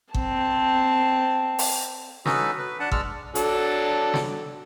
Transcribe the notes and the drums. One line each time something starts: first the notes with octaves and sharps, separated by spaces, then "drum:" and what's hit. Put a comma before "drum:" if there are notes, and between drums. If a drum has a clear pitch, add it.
C4 A5, drum: kick G1
drum: open hi-hat
C#4 D#4 F#4 A4 B4, drum: snare
B4
D4 F#5 A5
G#3 D5 A5 E6 F6, drum: kick G1
F#3 D4 A4, drum: hi-hat
drum: snare